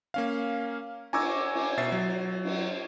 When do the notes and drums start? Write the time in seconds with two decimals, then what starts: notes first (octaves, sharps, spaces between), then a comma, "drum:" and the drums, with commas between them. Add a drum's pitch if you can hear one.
0.14 A#3 C#4 F5
1.13 G#5 A#5 C#6 D6 E6 G#6, drum: cymbal
1.55 drum: cymbal
1.77 B2 E5 A6 C7
1.92 F#3
2.44 drum: cymbal